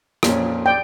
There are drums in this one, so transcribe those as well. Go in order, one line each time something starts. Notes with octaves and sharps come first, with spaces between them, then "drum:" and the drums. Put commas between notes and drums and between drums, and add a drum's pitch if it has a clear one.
F2 A#2 C#4, drum: rim click
D5 G5